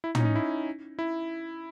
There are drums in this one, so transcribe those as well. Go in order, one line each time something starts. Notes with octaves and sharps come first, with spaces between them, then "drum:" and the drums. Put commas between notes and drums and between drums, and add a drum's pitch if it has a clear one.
E4
D#4, drum: tom
C#4
D#4
E4
E4